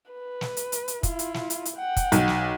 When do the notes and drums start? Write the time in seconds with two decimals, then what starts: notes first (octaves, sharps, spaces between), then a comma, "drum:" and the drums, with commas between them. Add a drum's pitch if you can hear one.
0.12 B4
0.41 drum: snare
0.57 drum: hi-hat
0.72 drum: hi-hat
0.88 drum: hi-hat
1.03 E4 F4, drum: kick, hi-hat
1.19 drum: hi-hat
1.34 drum: snare
1.50 drum: hi-hat
1.65 drum: hi-hat
1.76 F#5 G5
1.97 drum: kick, hi-hat
2.12 B1, drum: hi-hat
2.28 drum: snare